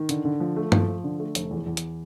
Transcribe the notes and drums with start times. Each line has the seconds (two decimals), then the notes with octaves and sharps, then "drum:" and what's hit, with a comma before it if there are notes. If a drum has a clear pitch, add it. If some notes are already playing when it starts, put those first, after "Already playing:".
Already playing: D#3
0.09 D3, drum: hi-hat
0.25 D3
0.40 F3
0.56 A3
0.72 F3, drum: tom G2
0.88 F3
1.04 D3
1.19 A3
1.35 F1, drum: hi-hat
1.51 E2
1.67 E2
1.77 drum: hi-hat